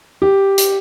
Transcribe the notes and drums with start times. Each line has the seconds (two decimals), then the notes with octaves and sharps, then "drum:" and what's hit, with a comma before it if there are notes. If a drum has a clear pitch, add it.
0.22 G4
0.58 drum: hi-hat